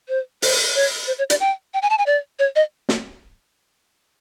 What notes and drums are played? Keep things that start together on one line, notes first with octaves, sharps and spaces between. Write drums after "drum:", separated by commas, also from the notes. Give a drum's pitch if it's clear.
C5
C5, drum: open hi-hat
C#5
C5
C#5
D5, drum: hi-hat
G5
G5
G#5
A5
G#5
D5
C#5
D#5
drum: snare